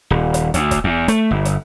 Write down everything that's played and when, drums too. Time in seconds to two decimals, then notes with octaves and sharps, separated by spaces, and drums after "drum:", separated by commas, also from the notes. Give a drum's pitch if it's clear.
0.10 D#1
0.34 drum: hi-hat
0.54 D2, drum: hi-hat
0.71 drum: kick, hi-hat
0.84 E2
1.08 A3, drum: hi-hat
1.31 G1
1.45 drum: hi-hat